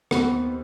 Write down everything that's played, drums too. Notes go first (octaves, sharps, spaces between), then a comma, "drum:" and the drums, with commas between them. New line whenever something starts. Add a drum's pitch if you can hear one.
D#2 D#3 G3 B3 C4, drum: rim click